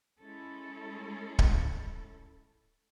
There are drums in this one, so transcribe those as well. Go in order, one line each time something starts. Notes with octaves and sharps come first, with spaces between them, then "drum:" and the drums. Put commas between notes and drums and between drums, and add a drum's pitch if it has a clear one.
G#3 C#4 E4 A4
drum: kick D1